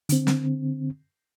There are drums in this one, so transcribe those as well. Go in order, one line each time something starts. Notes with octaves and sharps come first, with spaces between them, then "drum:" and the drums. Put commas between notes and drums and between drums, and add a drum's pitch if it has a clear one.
D3 C4, drum: hi-hat
drum: snare